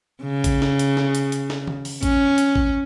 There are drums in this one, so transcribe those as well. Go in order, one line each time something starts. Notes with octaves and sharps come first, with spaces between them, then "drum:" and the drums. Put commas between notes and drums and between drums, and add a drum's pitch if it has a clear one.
C#3
drum: kick, hi-hat
drum: snare
drum: hi-hat
drum: snare
drum: hi-hat
drum: hi-hat
drum: snare
drum: tom D#3
drum: open hi-hat
C#4, drum: kick, hi-hat
drum: hi-hat
drum: kick